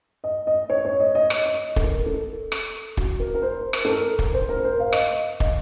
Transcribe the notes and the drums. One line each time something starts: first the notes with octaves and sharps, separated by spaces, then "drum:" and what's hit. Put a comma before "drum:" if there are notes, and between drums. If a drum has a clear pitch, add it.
D#5
D#5
C#5
C#5
D#5
D#5
drum: rim click
D#5
A4, drum: kick
A#4
A4
drum: rim click
F#4, drum: kick
A#4
A#4
C5
drum: rim click
A4
A#4
drum: kick
C5
A#4
A#4
C5
F5
D#5, drum: rim click
F5
D#5, drum: kick